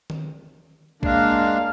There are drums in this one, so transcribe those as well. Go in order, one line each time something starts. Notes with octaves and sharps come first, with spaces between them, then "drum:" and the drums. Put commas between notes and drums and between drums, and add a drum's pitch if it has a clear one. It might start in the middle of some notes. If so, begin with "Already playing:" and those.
drum: tom D#3
G#3 A#3 D4 F5, drum: kick A#1